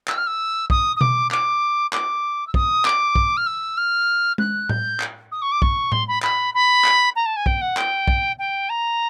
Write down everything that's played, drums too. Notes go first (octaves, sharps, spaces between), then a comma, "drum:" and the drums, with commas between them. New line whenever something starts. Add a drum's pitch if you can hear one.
E6, drum: clap
F6
E6
D#6, drum: kick
D#6
D6, drum: tom B2
D6, drum: clap
D6, drum: clap
E6
D#6, drum: kick
D6, drum: clap
drum: kick
F6
E6
F6
F#6, drum: tom G#3
G6, drum: tom A2
drum: clap
D#6
C#6
D6
C#6, drum: kick
C6, drum: tom A2
B5
B5, drum: clap
B5
drum: clap
A#5
A5
G#5
G5, drum: kick
F#5
G5, drum: clap
drum: kick
G5
A#5